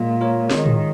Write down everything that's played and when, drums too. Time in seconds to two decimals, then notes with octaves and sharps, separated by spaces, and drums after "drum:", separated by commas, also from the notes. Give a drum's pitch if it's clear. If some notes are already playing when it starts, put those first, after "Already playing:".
Already playing: A#2 G#3
0.21 F4 A#4 C#5
0.51 D#3 G#3, drum: snare
0.66 drum: tom